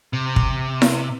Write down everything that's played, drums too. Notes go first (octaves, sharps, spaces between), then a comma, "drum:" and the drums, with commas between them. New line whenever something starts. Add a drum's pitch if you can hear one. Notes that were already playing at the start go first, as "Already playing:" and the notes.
C3
drum: kick
drum: snare E4